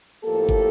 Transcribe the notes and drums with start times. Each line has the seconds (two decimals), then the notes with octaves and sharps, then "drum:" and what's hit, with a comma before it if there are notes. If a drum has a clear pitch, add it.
0.24 A2 F3 A#3 G4 A4
0.49 drum: kick